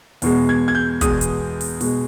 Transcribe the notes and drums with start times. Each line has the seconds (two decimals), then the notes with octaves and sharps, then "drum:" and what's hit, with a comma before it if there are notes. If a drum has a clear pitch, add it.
0.22 E2 B2 G#3, drum: open hi-hat
0.49 G#6
0.68 G#6
0.75 G6
1.01 E2 B2 G#3 D#6, drum: kick, hi-hat
1.21 drum: hi-hat
1.61 drum: open hi-hat
1.81 B2 G#3, drum: open hi-hat